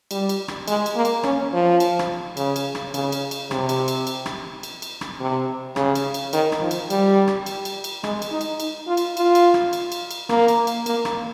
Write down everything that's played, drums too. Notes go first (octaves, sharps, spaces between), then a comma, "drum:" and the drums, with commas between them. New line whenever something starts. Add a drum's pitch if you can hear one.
G3, drum: cymbal
drum: cymbal
drum: rim click
G#3, drum: cymbal
drum: cymbal
A#3
drum: cymbal
C#4, drum: rim click
F3
drum: cymbal
drum: rim click
C#3, drum: cymbal
drum: cymbal
drum: rim click
C#3, drum: cymbal
drum: cymbal
drum: cymbal
C3, drum: rim click
drum: cymbal
drum: cymbal
drum: cymbal
drum: rim click
drum: cymbal
drum: cymbal
drum: rim click
C3
C#3, drum: rim click
drum: cymbal
drum: cymbal
D#3, drum: cymbal
drum: rim click
F3
drum: cymbal
G3, drum: cymbal
drum: rim click
drum: cymbal
drum: cymbal
drum: cymbal
G#3, drum: rim click
drum: cymbal
D#4
drum: cymbal
drum: cymbal
F4
drum: cymbal
F4, drum: cymbal
drum: cymbal
drum: rim click
drum: cymbal
drum: cymbal
drum: cymbal
A#3, drum: rim click
drum: cymbal
drum: cymbal
A#3, drum: cymbal
drum: rim click